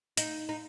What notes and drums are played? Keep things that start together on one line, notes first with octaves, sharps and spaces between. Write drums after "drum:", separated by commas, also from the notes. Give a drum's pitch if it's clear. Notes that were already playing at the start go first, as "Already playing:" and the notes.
D#4, drum: hi-hat
D#4